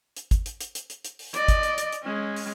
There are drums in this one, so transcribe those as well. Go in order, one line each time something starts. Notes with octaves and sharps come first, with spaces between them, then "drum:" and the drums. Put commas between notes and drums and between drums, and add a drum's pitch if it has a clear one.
drum: hi-hat
drum: kick, hi-hat
drum: hi-hat
drum: hi-hat
drum: hi-hat
drum: hi-hat
drum: hi-hat
drum: open hi-hat
D5 D#5, drum: hi-hat
drum: kick, hi-hat
drum: hi-hat
drum: hi-hat
drum: hi-hat
G#3 C#4
drum: open hi-hat